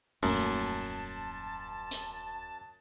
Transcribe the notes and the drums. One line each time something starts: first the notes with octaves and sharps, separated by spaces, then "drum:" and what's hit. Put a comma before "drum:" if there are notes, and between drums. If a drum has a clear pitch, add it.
D#1 F#2 A3 A#3 A5, drum: open hi-hat
drum: hi-hat